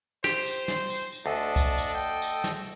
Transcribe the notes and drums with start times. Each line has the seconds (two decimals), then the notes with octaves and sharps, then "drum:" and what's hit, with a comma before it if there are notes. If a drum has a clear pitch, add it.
0.24 G4 C5, drum: snare
0.46 drum: tambourine
0.68 drum: snare
0.90 drum: tambourine
1.12 drum: tambourine
1.26 D2 D4 A4 D#5
1.56 drum: kick C2, tambourine
1.78 drum: tambourine
1.95 G5
2.22 drum: tambourine
2.44 drum: snare